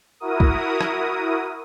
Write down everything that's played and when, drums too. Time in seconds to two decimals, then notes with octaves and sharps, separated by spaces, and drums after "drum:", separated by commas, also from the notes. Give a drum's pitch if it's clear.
0.20 E4 F#4 A#4 D#6
0.40 drum: kick
0.81 drum: rim click